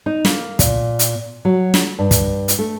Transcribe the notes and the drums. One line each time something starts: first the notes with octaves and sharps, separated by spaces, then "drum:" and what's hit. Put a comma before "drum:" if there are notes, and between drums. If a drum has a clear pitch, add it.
D#4
A#3, drum: snare
A#2, drum: kick, hi-hat
drum: hi-hat
F#3
drum: snare
G2
drum: kick, hi-hat
drum: hi-hat
A3